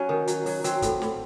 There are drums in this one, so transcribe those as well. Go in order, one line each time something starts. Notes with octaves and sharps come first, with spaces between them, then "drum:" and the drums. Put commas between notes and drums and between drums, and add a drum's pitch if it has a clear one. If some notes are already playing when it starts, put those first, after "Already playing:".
Already playing: F#3 C#4
D#3
F#3, drum: hi-hat
F#3, drum: open hi-hat
F#3 C4, drum: hi-hat
A2, drum: kick, hi-hat
A2, drum: snare